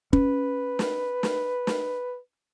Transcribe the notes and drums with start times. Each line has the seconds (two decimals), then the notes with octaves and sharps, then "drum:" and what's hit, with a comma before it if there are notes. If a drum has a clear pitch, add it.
0.13 C#4 B4, drum: kick
0.79 drum: snare
1.23 drum: snare
1.67 drum: snare